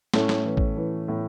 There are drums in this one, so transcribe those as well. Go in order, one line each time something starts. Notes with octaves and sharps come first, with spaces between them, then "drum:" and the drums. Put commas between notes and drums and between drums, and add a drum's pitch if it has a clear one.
A2 A3 C#4, drum: snare
drum: snare
E3
drum: kick A1
E3
A2